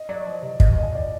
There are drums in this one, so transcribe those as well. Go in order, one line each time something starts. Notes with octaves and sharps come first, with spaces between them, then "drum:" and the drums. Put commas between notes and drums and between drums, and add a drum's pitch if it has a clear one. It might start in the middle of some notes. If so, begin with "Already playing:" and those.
Already playing: D#5
F#3 D5
F3 D#5
C3
C3 D#5, drum: kick
B2
A#2 D#5
D5